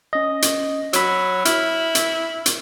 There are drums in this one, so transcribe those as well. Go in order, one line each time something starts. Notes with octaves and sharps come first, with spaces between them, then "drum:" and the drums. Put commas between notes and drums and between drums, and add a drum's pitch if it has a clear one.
C#4 D#5
drum: hi-hat
F#3 B5 E6, drum: hi-hat
E4 F6, drum: hi-hat
drum: hi-hat
drum: hi-hat